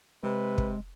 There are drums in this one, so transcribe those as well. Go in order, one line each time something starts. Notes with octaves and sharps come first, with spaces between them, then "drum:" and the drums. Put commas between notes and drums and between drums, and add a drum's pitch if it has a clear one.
C3 G#3 B4
drum: kick